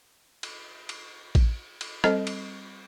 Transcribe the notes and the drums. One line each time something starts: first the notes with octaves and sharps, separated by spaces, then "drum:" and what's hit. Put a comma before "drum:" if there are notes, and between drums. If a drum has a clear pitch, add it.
drum: cymbal
drum: cymbal
drum: kick A1, cymbal
drum: cymbal
G3 C4 A4 C5 D#5, drum: rim click
drum: cymbal